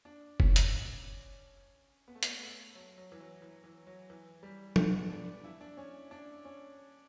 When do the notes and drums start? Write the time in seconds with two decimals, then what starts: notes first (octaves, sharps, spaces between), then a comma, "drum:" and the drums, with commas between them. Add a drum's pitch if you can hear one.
0.05 D4
0.40 C#4, drum: kick F1
0.56 drum: hi-hat
2.08 B3
2.15 A3
2.23 B3, drum: hi-hat
2.42 A3
2.75 F#3
2.98 F#3
3.12 E3
3.20 F#3
3.42 E3
3.64 E3
3.87 F#3
4.10 E3
4.43 G3
4.76 B3, drum: tom
5.10 D4
5.44 E4
5.61 D4
5.77 C#4
6.11 D4
6.45 C#4